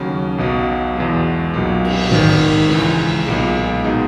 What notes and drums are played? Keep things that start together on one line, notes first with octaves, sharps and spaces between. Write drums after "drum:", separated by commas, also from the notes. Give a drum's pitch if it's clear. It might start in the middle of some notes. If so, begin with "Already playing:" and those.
Already playing: D#2 C#3 F#3 C#4
B1 B2 F#3
E2 B2 G#3
B1 A#2 F#3
drum: cymbal
G#1 G#2 D#3, drum: tom
C#2 C#3 E3 G#3
B1 A#2 G#3
B2 G#3 D#4